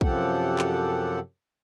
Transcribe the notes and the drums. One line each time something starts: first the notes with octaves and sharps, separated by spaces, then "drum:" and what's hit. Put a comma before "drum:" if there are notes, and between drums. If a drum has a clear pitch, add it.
F#2 C3 F3 G4 A4 F#5, drum: kick
drum: clap